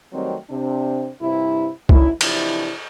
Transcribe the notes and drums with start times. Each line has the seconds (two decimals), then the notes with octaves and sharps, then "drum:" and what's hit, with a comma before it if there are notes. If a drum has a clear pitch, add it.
0.13 D#3 F#3 G3 A3 C4
0.50 C3 C4 D4
1.21 G2 C3 E4
1.89 D2 C#4 D#4 E4, drum: kick C#2
2.21 C3 E3 F3 D4 E4, drum: cymbal